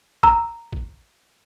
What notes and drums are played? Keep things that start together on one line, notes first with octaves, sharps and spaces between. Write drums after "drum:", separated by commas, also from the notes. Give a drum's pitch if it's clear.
A#5 E6, drum: kick
drum: kick